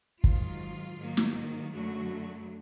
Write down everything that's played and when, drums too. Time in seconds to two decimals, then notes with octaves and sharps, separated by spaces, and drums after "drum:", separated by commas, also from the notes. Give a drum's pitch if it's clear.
0.24 G#2 D#3 F#3 F4, drum: kick
0.98 G#2 D#3 F#3 A#3
1.17 drum: snare
1.73 F#2 D3 F#3 A3 F#4